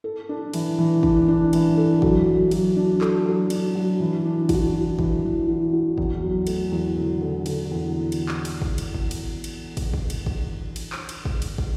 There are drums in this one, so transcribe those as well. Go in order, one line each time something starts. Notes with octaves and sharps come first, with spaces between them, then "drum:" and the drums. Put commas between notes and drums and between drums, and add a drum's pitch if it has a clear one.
A4
D4
E3, drum: cymbal
E3
D4, drum: kick
D4
E3, drum: cymbal
A4
F#3, drum: kick
F#3
F#3, drum: cymbal
D4
A4, drum: clap
F#3
D4, drum: cymbal
F#3
E3
D4
F#4, drum: kick, cymbal
F#4
E3, drum: kick
E3
F#4
F#4
E2, drum: kick
F#3
A3, drum: cymbal
E2
D3
D3
D3, drum: cymbal
E2
drum: cymbal
drum: clap
drum: cymbal
drum: kick
drum: cymbal
drum: kick
drum: cymbal
drum: cymbal
drum: kick, cymbal
drum: kick
drum: cymbal
drum: kick
drum: cymbal
drum: clap
drum: cymbal
drum: kick
drum: cymbal
drum: kick